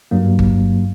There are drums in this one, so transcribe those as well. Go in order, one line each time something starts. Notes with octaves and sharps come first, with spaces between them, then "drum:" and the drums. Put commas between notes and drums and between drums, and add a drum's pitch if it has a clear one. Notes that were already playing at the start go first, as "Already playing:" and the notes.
G2 F#3 A#3
drum: kick G1